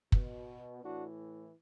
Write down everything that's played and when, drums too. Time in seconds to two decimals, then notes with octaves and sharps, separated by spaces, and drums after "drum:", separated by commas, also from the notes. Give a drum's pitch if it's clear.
0.12 B2, drum: kick
0.82 A2 E3 D4 F#4